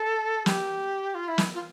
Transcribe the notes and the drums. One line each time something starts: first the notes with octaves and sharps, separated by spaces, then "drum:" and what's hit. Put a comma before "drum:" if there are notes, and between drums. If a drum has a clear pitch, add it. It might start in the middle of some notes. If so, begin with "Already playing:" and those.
Already playing: A4
G4, drum: snare
F4
E4
drum: snare
F4